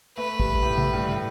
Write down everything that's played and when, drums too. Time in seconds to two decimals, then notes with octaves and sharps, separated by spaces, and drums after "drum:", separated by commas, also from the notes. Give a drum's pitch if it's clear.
0.17 A3 B4
0.40 G3, drum: kick
0.63 A2
0.78 A2, drum: tom C3
0.93 G2
1.08 A2